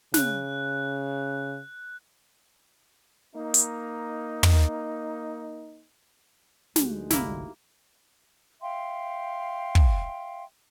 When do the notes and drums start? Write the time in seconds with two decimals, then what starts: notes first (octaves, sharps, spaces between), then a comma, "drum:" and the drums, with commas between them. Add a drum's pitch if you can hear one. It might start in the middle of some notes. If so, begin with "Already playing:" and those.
0.14 C#3 F#6, drum: snare
3.35 A#3 D#4
3.54 drum: hi-hat
4.43 drum: tom
6.76 D2 G#3 D#4 F#4 G4, drum: snare
7.10 G1 C2 D3 A#3 E4, drum: snare
8.61 E5 F5 G5 C6
9.75 drum: kick